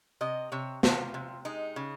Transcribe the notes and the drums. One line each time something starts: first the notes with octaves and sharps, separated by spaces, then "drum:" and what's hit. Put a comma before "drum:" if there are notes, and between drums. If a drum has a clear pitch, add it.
C3 D#5
C3 C#5
C3 F4, drum: snare
C3
G#3 D#4
C#3